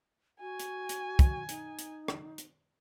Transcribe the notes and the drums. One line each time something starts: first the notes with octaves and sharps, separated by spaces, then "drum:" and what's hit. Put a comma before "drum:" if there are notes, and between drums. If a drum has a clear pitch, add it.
F#4 G#5
drum: hi-hat
drum: hi-hat
drum: kick, hi-hat
D#4, drum: hi-hat
drum: hi-hat
drum: rim click
drum: hi-hat